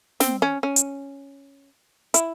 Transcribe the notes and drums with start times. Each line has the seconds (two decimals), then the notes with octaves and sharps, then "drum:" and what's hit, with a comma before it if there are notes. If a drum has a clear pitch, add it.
0.20 C4, drum: snare
0.42 C#4
0.63 C#4
0.76 drum: hi-hat
2.14 E4, drum: hi-hat